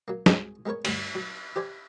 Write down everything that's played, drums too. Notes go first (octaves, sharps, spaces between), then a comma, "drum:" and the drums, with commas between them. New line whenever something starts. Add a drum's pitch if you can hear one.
F#3 A#3
C2 G#2 C#4 F#4 G#4, drum: snare
G#3 B3 A#4 B4 C#5
D2 G2 F#5, drum: cymbal
F#3
G4 C5 D5 G#5